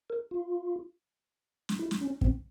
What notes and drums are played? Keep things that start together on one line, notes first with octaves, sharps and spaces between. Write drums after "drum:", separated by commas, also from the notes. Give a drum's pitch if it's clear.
A#4
F4
drum: snare
E4
drum: snare
C#4
C4, drum: kick